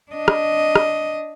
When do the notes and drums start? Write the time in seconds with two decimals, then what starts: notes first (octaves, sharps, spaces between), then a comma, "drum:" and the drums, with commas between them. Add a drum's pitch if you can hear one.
0.12 D4 D#5
0.28 drum: rim click
0.76 drum: rim click